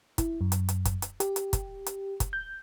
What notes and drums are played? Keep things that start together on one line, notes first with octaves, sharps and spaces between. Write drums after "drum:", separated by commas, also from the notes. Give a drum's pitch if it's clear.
E4, drum: kick, hi-hat
F#2
drum: hi-hat
drum: hi-hat
drum: kick, hi-hat
drum: hi-hat
G4, drum: hi-hat
drum: hi-hat
drum: kick, hi-hat
drum: hi-hat
drum: kick, hi-hat
G6